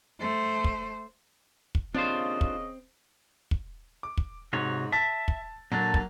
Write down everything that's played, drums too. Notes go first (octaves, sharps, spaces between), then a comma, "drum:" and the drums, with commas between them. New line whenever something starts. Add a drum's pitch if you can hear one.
A3 C5
drum: kick
drum: kick
D#2 C#3 C4 D4 F4 C5 D#5
drum: kick
drum: kick
D6
drum: kick
G#2 C3 F#4 C#5
E5 A5 A6
drum: kick
A#2 D3 F#3 A#3 D4
drum: kick